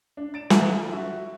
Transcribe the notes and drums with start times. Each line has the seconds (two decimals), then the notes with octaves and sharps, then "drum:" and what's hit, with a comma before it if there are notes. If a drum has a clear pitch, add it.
0.17 D4
0.34 A6 D7 E7
0.50 D#4 F4 A4 E5 F#5 G#5, drum: snare
0.72 F4
0.91 F#4 E5